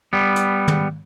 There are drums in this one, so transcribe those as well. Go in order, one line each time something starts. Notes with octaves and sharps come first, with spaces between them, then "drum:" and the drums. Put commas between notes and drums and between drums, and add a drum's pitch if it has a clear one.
G3 B3
drum: hi-hat
drum: tom